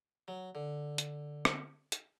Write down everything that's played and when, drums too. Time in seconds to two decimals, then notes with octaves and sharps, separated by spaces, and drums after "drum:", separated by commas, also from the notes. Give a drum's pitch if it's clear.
0.28 F#3
0.55 D3
0.98 drum: hi-hat
1.45 drum: rim click
1.92 drum: hi-hat